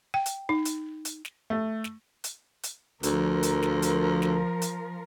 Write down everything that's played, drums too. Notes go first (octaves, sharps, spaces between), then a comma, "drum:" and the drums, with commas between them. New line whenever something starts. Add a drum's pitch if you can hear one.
G5
drum: hi-hat
D#4
drum: hi-hat
drum: hi-hat
drum: snare
A3
drum: snare
drum: hi-hat
drum: hi-hat
D2 F3 A#4, drum: hi-hat
drum: hi-hat
drum: snare
drum: hi-hat
drum: snare
drum: hi-hat